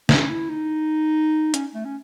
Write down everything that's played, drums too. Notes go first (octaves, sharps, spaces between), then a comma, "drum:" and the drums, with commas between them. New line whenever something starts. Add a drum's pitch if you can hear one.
C#4, drum: snare
E4
D#4
C#4, drum: hi-hat
A3
C#4